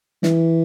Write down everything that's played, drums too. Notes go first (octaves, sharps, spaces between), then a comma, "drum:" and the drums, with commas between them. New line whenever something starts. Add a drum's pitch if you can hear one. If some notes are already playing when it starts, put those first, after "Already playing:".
E3, drum: snare